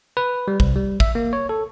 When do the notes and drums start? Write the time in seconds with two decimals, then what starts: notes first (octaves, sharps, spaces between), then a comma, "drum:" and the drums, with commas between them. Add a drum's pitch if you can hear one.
0.17 B4
0.48 G3
0.60 C2, drum: kick
0.76 G3
1.00 E5, drum: kick
1.15 A#3
1.33 C#5
1.49 A4